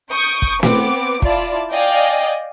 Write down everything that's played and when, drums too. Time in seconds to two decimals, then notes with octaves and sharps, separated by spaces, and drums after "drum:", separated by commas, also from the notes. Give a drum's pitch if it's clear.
0.12 C#6 D#6 G6 D7
0.42 drum: kick
0.63 B3 C4 D6 D7, drum: snare
1.22 E4 F4 D5 A5, drum: kick
1.72 D5 D#5 F5 G5 G#5